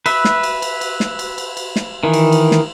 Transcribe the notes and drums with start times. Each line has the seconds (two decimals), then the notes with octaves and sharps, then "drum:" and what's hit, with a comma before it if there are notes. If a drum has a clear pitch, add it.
0.06 B4 E5, drum: cymbal
0.25 drum: snare
0.43 drum: cymbal
0.62 drum: cymbal
0.81 drum: cymbal
1.00 drum: snare
1.19 drum: cymbal
1.38 drum: cymbal
1.57 drum: cymbal
1.76 drum: snare
2.03 D#3 E3
2.13 drum: cymbal
2.32 drum: cymbal
2.51 drum: snare